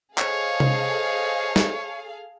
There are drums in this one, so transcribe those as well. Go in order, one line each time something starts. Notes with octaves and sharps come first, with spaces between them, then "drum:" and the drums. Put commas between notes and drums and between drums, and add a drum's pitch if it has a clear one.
G#4 A4 C5 C#5 D#5 F5, drum: clap
drum: tom C3
drum: snare